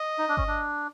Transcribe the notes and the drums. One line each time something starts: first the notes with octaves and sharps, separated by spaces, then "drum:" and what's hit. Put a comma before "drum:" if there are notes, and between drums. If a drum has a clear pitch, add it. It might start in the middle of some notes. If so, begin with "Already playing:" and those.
Already playing: D#5
D#4
D4
C#4, drum: kick G1
D4